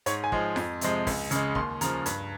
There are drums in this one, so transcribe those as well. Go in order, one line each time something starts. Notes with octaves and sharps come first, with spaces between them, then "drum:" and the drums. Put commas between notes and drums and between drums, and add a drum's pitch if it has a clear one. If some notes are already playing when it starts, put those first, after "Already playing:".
G#2 C#5, drum: hi-hat
G#5
F3 G#3, drum: kick
F2, drum: snare F4
C3 F3 G#3, drum: hi-hat
C#2, drum: kick, open hi-hat
C#3 G#3, drum: hi-hat
D#2 C6, drum: kick
C#3 F3 A#5, drum: hi-hat
G2, drum: hi-hat